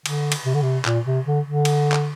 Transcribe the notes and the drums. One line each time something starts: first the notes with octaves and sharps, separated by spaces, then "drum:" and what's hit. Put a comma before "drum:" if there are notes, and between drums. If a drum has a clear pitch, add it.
D3, drum: cymbal
drum: cymbal
C3
D3
C3
A#2, drum: clap
C3
D3
D3
drum: cymbal
drum: clap